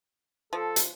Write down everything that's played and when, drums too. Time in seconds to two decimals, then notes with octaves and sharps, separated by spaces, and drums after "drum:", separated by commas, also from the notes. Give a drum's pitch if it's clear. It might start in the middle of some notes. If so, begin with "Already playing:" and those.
0.53 F3 A4
0.76 drum: hi-hat